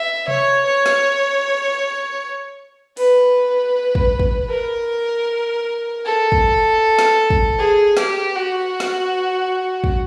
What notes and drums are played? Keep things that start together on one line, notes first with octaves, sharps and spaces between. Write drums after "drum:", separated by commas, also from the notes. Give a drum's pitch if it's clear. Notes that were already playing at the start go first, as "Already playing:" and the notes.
Already playing: E5
C#5, drum: tom C3
C#5
drum: snare
B4, drum: open hi-hat
drum: kick
drum: kick
A#4
A4
drum: kick
drum: snare
drum: kick
G#4
G4, drum: snare
F#4
drum: snare
drum: kick